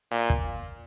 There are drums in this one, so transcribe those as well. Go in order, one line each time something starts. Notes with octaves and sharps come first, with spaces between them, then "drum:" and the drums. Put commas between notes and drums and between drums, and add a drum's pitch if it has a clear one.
A#2
drum: kick